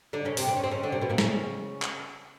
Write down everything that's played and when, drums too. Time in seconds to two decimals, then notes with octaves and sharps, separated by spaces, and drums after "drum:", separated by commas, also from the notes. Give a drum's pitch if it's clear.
0.13 D3 D4
0.25 C#3 C#4
0.37 C3 C4, drum: open hi-hat
0.49 D4
0.57 C#4
0.64 C4
0.71 C#3 C#4
0.83 D3 D4
0.92 C3 C4
1.01 B2 B3
1.10 A#2 A#3
1.18 C#3 C#4, drum: snare
1.82 drum: clap